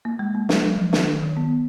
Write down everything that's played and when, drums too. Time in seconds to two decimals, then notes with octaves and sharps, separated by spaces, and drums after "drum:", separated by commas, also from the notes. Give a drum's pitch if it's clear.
0.05 A#3
0.19 G#3
0.35 A#3
0.49 G#3, drum: snare
0.64 F#3
0.78 F3
0.93 D#3, drum: snare
1.22 D#3
1.37 B3